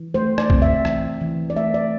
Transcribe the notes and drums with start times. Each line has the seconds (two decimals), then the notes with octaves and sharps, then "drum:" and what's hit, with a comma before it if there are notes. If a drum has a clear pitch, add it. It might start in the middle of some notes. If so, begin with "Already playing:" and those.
Already playing: E3
0.14 A3 C5
0.38 D5, drum: rim click
0.50 C4, drum: kick
0.62 E5
0.85 E3, drum: rim click
1.21 E3
1.50 D5
1.56 A3 E5
1.74 D5